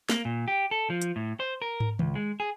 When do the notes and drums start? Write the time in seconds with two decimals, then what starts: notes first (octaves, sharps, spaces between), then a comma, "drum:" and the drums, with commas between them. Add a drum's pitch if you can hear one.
0.09 A#3, drum: snare
0.25 A#2
0.48 G4
0.71 A4
0.90 F3
1.02 drum: hi-hat
1.16 A2
1.40 C5
1.62 A#4
1.80 drum: tom
1.99 C#2, drum: tom D#3
2.15 G#3
2.40 G#4